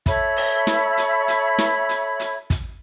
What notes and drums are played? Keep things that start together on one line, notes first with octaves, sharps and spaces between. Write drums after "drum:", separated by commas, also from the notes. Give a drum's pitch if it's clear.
A4 C#5 E5 B5, drum: kick, hi-hat
drum: open hi-hat
drum: snare
drum: hi-hat
drum: hi-hat
drum: snare
drum: hi-hat
drum: hi-hat
drum: kick, hi-hat